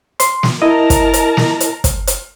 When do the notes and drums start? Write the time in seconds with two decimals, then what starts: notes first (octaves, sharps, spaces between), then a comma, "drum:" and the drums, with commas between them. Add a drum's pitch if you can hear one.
0.20 C6, drum: hi-hat
0.43 drum: snare
0.62 E4 A#4 D#5 A5 A#5
0.90 drum: kick, hi-hat
1.14 drum: hi-hat
1.37 drum: snare
1.60 drum: hi-hat
1.84 drum: kick, hi-hat
2.07 drum: hi-hat